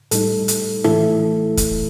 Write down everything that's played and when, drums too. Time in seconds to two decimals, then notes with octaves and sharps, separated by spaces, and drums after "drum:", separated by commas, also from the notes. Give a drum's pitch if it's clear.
0.11 A2 G3 D#4 A4, drum: hi-hat
0.48 drum: hi-hat
0.84 A2 E3 A3 E4 A4, drum: rim click
1.57 drum: kick, hi-hat